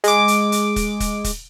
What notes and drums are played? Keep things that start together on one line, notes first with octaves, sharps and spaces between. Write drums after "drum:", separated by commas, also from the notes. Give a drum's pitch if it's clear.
G#3 D6, drum: hi-hat
drum: hi-hat
drum: hi-hat
drum: kick, hi-hat
drum: kick, hi-hat
drum: kick, hi-hat